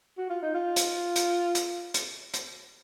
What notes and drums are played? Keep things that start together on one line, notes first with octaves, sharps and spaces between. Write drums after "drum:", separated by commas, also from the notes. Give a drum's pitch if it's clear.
F#4
F4
D#4
F4
drum: hi-hat
drum: hi-hat
drum: hi-hat
drum: hi-hat
drum: hi-hat